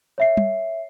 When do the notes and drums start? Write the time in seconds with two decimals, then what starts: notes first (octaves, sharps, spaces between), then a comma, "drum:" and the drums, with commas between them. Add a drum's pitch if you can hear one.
0.18 C#5 E5 C7
0.37 drum: tom G3